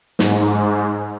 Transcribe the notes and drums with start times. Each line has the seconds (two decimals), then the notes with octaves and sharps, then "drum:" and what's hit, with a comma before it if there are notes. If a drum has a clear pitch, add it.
0.19 G#2, drum: snare